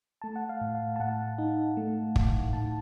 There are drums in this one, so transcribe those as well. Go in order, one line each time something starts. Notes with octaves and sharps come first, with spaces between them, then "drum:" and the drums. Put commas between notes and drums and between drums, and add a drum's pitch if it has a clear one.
A3 A5
F#5
F5
A2
F5
A5
A2 F#5
D#4
A3
A2, drum: kick
A2 A5